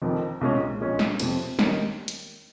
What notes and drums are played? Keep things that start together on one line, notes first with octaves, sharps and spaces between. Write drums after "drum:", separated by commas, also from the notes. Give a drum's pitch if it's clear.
F1 F2 D#3
C2 A#2 G#3 C#4
A#1 A#2 G#3 C#4
drum: snare
F2 C3 F3, drum: cymbal
D#3 G3 C#4, drum: snare
drum: hi-hat